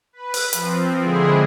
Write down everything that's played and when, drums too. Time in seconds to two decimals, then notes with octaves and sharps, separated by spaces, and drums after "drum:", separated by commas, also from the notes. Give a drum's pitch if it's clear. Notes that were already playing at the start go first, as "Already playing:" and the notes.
0.13 B4
0.34 drum: open hi-hat
0.53 F3 C4, drum: hi-hat
1.00 D3 G#3 C4 E4 G#4